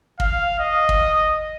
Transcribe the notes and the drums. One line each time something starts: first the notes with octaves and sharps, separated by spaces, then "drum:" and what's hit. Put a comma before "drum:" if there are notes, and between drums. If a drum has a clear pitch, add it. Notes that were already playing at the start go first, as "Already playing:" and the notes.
F5, drum: kick
D#5
drum: kick